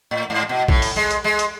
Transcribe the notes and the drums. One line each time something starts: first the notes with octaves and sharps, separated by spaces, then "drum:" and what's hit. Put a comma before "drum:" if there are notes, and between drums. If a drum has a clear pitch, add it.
A2
G#2
B2
A2, drum: kick
drum: open hi-hat
G#3
drum: hi-hat
G#3
drum: hi-hat